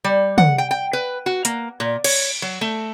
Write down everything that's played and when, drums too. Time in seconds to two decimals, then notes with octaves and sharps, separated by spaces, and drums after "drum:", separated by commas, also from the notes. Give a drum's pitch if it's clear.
0.04 G3
0.38 F#5, drum: tom
0.58 G5
0.71 G5
0.93 B4
1.26 F#4
1.45 A#3, drum: hi-hat
1.80 A#2
2.04 C#5, drum: cymbal
2.42 F#3
2.61 A3